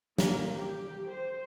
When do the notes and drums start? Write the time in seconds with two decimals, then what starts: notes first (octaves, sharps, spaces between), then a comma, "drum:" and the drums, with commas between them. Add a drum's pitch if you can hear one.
0.18 A#3, drum: snare
0.59 G4
1.09 C5